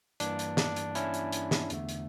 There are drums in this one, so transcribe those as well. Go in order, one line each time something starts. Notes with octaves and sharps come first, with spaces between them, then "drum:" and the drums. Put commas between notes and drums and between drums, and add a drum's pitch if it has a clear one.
G2 E3 A#3 D4, drum: hi-hat
drum: hi-hat
D4, drum: snare
drum: hi-hat
C#4 E4, drum: hi-hat
drum: hi-hat
drum: hi-hat
drum: snare
E2 D3 A3, drum: hi-hat
drum: hi-hat